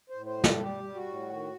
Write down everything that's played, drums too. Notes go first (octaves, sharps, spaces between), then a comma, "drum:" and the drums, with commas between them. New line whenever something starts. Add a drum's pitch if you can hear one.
C5
A2
C5
G3
A4, drum: snare
G3 G4
G3
F#4
A2
D#3